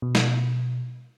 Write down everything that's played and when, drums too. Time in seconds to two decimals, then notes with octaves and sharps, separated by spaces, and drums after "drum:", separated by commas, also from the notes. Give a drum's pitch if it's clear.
0.02 B2
0.15 drum: snare